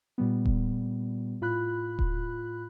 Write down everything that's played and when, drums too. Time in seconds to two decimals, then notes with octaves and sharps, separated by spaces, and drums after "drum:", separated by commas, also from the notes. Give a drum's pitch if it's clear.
0.18 A#2 G3 B3
0.45 drum: kick D#1
1.41 A2 F4 B5 F#6
1.99 drum: kick D#1